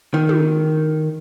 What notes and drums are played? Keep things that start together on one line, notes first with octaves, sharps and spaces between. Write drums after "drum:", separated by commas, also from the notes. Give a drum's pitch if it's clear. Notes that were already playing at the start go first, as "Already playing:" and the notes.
D#3
drum: tom